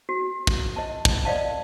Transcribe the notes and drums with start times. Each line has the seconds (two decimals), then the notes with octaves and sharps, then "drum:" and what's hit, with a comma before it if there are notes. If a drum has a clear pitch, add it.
0.09 F#4
0.47 drum: kick
0.76 D#5 A5
1.05 drum: kick
1.25 D5 D#5 F5 A5